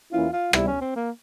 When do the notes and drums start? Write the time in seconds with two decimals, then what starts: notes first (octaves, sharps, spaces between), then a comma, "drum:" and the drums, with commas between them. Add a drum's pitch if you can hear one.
0.12 E2 E3 A#3 C#4 E4 F4
0.33 F4
0.53 E2 C3 G3 E4, drum: rim click
0.67 C#4
0.81 C4
0.96 A#3